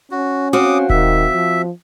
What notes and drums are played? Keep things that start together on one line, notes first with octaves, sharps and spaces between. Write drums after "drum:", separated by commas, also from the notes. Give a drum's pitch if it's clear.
C#4 F#4
C4 F#4 F5 D6 D#6
D#3 E5, drum: kick D#1
F3